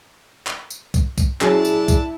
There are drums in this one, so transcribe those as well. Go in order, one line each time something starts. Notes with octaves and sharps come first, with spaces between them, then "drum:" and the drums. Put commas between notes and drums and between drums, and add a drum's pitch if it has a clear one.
drum: clap
drum: tambourine
drum: kick, tambourine
drum: kick, tambourine
F#3 C#4 D4 E4 G#4 A5, drum: clap
drum: tambourine
drum: kick, tambourine